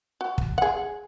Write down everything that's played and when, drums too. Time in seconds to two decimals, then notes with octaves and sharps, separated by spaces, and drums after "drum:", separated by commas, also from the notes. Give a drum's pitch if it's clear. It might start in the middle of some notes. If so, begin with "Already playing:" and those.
0.21 F#4
0.38 drum: kick
0.58 G#4 F#5